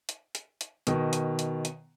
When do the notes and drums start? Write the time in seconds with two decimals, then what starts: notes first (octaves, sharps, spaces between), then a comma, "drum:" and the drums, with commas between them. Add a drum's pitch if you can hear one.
0.09 drum: hi-hat
0.35 drum: hi-hat
0.61 drum: hi-hat
0.87 B2 D#3, drum: hi-hat
1.13 drum: hi-hat
1.39 drum: hi-hat
1.65 drum: hi-hat